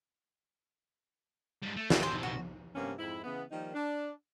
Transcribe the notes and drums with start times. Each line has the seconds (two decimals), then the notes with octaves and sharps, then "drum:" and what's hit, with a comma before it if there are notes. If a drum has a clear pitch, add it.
1.63 G#2 G3
1.77 A3
1.90 B2 A3 B3 C4, drum: snare
2.03 C5
2.23 F#4
2.75 G2 C3 A#3 B3 C#4
2.99 F2 G#2 E4
3.24 C#3 E3 B3
3.51 D#3 F3 G3 A#3 D#4
3.74 D4